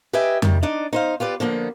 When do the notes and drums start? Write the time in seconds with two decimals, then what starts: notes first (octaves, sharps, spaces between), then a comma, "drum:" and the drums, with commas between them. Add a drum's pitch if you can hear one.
0.13 G4 B4 D#5 E5 G5 G#5
0.42 D#3 G3, drum: tom F2
0.62 D4 D#4 D5 D#5
0.93 D#4 C5 F5
1.20 F4 G4 B4 D5
1.40 D3 F3 A#3 B3